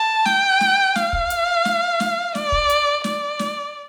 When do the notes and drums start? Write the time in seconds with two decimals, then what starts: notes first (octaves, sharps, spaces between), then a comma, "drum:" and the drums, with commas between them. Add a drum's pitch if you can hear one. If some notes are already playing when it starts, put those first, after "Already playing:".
Already playing: A5
0.25 G5, drum: snare
0.61 drum: snare
0.95 F5, drum: snare
1.13 drum: kick
1.30 drum: hi-hat
1.65 drum: snare
2.00 drum: snare
2.35 D5, drum: snare
2.52 drum: kick
2.70 drum: hi-hat
3.04 D5, drum: snare
3.39 drum: snare